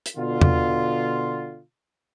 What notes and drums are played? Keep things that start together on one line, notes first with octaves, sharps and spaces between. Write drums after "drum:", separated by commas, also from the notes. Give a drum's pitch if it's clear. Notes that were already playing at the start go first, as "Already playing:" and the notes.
drum: hi-hat
B2 D3 F4
drum: tom E2